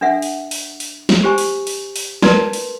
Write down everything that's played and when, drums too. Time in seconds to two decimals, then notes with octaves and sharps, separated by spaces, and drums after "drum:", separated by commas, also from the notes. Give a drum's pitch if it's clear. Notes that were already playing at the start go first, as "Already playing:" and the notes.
0.01 D4 A4 E5 F#5
0.22 drum: open hi-hat
0.51 drum: open hi-hat
0.80 drum: open hi-hat
1.09 drum: snare
1.23 G4 C5 G#5 C#6
1.38 drum: open hi-hat
1.67 drum: open hi-hat
1.96 drum: open hi-hat
2.23 A#4 B4 D5 A5 C6, drum: snare
2.53 drum: open hi-hat